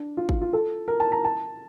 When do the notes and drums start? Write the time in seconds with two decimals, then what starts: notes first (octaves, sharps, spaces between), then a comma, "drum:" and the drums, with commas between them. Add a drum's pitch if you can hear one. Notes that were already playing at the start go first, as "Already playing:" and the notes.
Already playing: D4
0.17 F4
0.29 F4, drum: kick
0.41 F4
0.53 A4
0.88 A#4
1.00 A5
1.12 A#5
1.25 A5